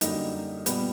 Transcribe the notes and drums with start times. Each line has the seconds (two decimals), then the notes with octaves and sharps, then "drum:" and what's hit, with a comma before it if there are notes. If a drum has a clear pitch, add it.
0.01 F#2 D3 G3 A#3 D#4, drum: hi-hat
0.66 A#2 G3 B3, drum: hi-hat